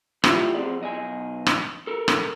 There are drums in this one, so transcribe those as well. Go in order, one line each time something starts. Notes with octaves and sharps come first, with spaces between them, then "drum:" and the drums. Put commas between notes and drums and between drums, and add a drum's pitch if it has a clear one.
A2 F4 G4 C5 D5 E5, drum: rim click
F3 C4 G#4 D5
B1 D#5 G#5
drum: rim click
A4 A#4
drum: rim click